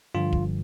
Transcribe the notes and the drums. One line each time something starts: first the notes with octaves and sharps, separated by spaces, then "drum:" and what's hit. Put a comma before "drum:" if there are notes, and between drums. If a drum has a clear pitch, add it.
G2 D3 F3 F4
drum: kick